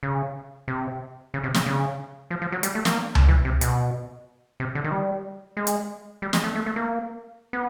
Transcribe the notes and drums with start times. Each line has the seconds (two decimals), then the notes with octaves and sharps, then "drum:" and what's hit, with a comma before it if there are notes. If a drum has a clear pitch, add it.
0.03 C#3
0.68 C3
1.34 C#3
1.43 C3
1.54 C#3, drum: snare
1.66 C#3
2.30 F3
2.42 F3
2.52 F#3
2.63 G3, drum: hi-hat
2.75 A3
2.85 A#3, drum: snare
3.15 drum: tom C#2
3.28 E3
3.45 C3
3.61 B2, drum: hi-hat
4.60 C3
4.75 D3
4.84 D#3
4.92 G3
5.57 G#3
5.67 drum: hi-hat
6.22 G3
6.33 G#3, drum: snare
6.44 A3
6.55 A3
6.66 A3
6.76 A#3
7.53 B3